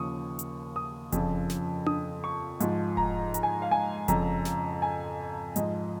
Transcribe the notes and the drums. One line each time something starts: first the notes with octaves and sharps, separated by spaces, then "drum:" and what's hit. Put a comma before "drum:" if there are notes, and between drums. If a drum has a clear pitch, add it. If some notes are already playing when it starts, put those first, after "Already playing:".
Already playing: D#2 C#3 F3 C#6 D#6
drum: hi-hat
D#6
F2 C#3 F3, drum: kick E1, hi-hat
drum: snare
D#6, drum: tom D4
C#6
G#2 F3, drum: hi-hat
A#5, drum: kick E1
A#5, drum: hi-hat
G#5
F5
G#5
F2 C#3 F3 A#5, drum: kick E1, hi-hat
drum: snare
G#5
G#2 F3 D#5, drum: hi-hat